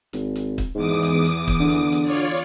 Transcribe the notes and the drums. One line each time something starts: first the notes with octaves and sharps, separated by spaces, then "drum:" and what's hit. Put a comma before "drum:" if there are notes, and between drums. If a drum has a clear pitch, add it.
G#1, drum: hi-hat
drum: hi-hat
drum: kick, hi-hat
E2 G#2 D6 D#6
drum: hi-hat
drum: hi-hat
drum: kick, hi-hat
D3
drum: hi-hat
drum: hi-hat
F4 C#5 D5
drum: hi-hat